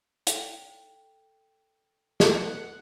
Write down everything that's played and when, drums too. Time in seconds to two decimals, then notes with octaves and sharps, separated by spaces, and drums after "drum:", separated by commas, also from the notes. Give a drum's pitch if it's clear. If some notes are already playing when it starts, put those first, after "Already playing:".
0.27 A4 G5, drum: hi-hat
2.20 B3 F#5, drum: snare